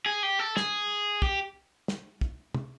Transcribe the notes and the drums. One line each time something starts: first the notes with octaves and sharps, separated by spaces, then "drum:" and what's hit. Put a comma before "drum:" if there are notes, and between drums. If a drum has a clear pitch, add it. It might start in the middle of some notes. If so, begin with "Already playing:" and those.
G#4
G4
A4
G#4, drum: snare
G4, drum: kick
drum: snare
drum: kick
drum: tom